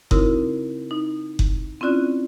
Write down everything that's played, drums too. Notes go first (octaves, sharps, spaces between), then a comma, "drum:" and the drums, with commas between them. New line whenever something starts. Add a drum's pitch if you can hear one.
C#3 C4 D#4 E4 F#4 A#4, drum: kick F#1
D#4
drum: kick F#1
C4 C#4 E4 F4 D5 F#6